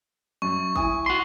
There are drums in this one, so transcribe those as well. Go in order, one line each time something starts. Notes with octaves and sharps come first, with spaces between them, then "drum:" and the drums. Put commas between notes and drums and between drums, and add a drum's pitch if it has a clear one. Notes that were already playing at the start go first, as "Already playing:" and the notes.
F#2 C#6
E4 G#5 D#6, drum: kick
F#4 C6